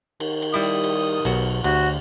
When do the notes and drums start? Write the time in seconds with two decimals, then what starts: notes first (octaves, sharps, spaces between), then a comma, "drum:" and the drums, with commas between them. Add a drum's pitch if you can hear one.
0.20 D#3, drum: cymbal
0.42 drum: cymbal
0.54 G3 E4 D#6
0.63 drum: cymbal
0.84 drum: cymbal
1.25 B1 F#4, drum: cymbal
1.64 D2 F#4, drum: cymbal